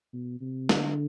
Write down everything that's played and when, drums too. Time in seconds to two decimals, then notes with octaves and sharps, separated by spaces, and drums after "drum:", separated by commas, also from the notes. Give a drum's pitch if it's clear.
0.13 B2
0.41 C3
0.69 D3, drum: snare